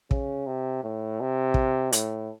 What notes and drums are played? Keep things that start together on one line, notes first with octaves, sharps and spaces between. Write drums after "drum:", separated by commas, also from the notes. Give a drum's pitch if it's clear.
C#3, drum: kick
C3
A2
C3
drum: kick
A2, drum: hi-hat